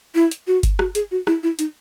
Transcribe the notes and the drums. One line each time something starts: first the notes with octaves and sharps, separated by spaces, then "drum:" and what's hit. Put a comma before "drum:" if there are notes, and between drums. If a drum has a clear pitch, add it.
E4
drum: hi-hat
F#4
drum: kick G1, hi-hat
F#4, drum: rim click
G#4, drum: hi-hat
F#4
E4, drum: rim click
E4
D#4, drum: hi-hat